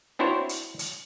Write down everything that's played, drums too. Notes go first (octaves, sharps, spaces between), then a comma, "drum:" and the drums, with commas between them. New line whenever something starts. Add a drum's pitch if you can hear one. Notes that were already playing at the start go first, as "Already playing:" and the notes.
C4 D4 E4 F#4 C5 C#5
drum: hi-hat
drum: hi-hat